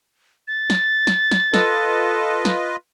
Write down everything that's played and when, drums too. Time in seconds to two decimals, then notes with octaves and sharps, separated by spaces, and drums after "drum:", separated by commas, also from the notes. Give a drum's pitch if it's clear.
0.48 A6
0.70 drum: snare
1.07 drum: snare
1.31 drum: snare
1.54 F4 A4 B4 D#5, drum: snare
2.45 drum: snare